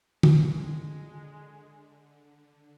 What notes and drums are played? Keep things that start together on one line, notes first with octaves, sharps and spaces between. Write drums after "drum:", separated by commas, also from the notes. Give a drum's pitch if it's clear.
D3 G#3, drum: tom